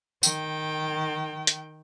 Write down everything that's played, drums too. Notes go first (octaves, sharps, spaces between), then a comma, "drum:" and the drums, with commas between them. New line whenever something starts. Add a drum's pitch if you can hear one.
D#3 G5, drum: tambourine
drum: hi-hat